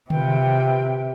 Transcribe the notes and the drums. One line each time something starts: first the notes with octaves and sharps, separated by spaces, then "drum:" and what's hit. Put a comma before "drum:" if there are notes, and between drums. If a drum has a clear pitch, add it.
C3 F4 B4 G5, drum: tom D3